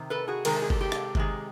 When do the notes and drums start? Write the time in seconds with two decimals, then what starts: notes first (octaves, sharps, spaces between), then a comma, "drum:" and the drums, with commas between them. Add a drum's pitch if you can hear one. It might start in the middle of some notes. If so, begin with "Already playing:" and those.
Already playing: C3 D#3
0.10 A4 B4
0.27 F#4 G#4
0.45 C3 D#3 G#3 A#4, drum: cymbal
0.54 A4
0.62 G#4
0.70 G4 A4, drum: kick G1
0.81 G4 A4
0.92 drum: rim click
1.15 C3 D#3 G#3, drum: kick G1